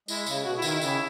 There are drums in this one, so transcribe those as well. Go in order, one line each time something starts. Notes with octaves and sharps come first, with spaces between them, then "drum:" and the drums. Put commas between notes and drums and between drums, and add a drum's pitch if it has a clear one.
G#3 E4, drum: tambourine
C#3, drum: tambourine
E4
B2 F#4
E4
D#3, drum: tambourine
E4
C#3, drum: tambourine